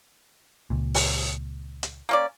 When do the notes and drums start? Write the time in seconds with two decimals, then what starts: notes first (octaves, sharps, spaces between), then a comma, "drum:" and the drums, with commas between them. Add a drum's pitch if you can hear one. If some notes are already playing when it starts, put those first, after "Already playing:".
0.70 C#2 A#2
0.94 drum: open hi-hat
1.83 drum: hi-hat
2.09 A#3 C#4 D5